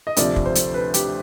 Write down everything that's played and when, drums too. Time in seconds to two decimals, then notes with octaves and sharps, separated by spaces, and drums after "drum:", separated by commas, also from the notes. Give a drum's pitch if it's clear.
0.07 D#5
0.17 D2 C3 F3 D5, drum: hi-hat
0.36 drum: kick
0.46 C5
0.55 drum: hi-hat
0.74 B4
0.94 G4, drum: hi-hat